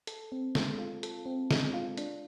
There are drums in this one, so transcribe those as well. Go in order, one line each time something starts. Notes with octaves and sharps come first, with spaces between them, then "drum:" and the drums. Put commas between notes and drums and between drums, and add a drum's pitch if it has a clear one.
A4, drum: hi-hat
C4
G#3, drum: snare
F4
A4, drum: hi-hat
C4
G#3, drum: snare
F4
D4, drum: hi-hat